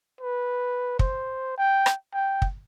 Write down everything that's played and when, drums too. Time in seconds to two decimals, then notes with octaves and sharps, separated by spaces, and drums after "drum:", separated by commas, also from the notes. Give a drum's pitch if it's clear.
0.21 B4
0.99 C5, drum: kick
1.58 G5
1.86 drum: rim click
2.14 G5
2.42 drum: kick